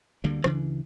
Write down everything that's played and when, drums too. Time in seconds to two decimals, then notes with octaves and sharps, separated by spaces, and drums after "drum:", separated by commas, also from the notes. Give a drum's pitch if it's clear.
0.24 D2 D3 G3 A#3
0.44 D2 C#3 E3 D4, drum: rim click